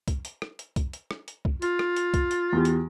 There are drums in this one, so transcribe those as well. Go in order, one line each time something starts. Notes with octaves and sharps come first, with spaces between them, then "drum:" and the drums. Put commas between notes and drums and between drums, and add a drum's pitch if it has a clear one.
drum: kick C2, hi-hat
drum: hi-hat
drum: rim click
drum: hi-hat
drum: kick C2, hi-hat
drum: hi-hat
drum: rim click
drum: hi-hat
drum: kick C2
F4, drum: hi-hat
drum: rim click
drum: hi-hat
drum: kick C2, hi-hat
drum: hi-hat
E2 G4
drum: hi-hat